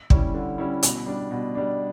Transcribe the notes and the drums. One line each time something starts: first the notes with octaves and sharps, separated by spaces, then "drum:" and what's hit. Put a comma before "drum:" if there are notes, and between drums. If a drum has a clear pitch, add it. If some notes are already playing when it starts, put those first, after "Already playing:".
G3 C#4 E4, drum: kick
D3
G3 C#4 E4
B2, drum: hi-hat
G3 D4
B2
G3 D4